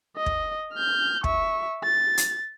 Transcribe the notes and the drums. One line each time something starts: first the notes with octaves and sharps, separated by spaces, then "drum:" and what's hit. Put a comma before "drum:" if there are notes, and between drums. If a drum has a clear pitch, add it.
D#5
drum: kick
F6 G6
E5 C#6, drum: kick
A6
drum: hi-hat